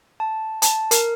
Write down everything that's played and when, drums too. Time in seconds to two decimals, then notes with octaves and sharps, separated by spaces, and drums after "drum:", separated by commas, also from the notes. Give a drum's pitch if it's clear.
0.20 A5
0.62 A5, drum: hi-hat
0.91 A#4, drum: hi-hat